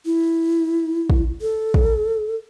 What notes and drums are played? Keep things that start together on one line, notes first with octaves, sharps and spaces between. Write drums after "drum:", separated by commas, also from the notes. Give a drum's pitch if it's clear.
E4
drum: kick
A4
drum: kick